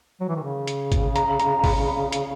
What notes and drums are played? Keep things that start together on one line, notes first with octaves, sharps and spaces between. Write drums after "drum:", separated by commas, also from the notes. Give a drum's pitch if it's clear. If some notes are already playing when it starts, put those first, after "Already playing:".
F#3
E3
D#3
C#3
drum: hi-hat
drum: kick, hi-hat
A#5, drum: hi-hat
A#5, drum: hi-hat
A#5
B5, drum: kick, open hi-hat
A#5
B5
drum: hi-hat